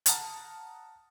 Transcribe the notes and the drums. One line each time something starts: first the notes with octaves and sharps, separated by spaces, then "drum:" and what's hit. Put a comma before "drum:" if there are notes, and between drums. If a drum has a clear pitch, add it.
F#5 A5 A#5 D#6 F6 A6, drum: hi-hat